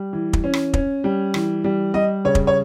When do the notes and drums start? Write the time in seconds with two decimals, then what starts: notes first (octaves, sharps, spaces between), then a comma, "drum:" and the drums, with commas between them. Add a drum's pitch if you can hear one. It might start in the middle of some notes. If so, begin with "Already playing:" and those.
Already playing: G3
0.13 E3
0.33 drum: kick
0.44 C#4
0.54 drum: rim click
0.74 C#4, drum: kick
1.04 G3
1.34 E3, drum: rim click
1.64 G3
1.94 G3 D#5
2.25 C#3 C#5
2.35 drum: kick
2.47 C#5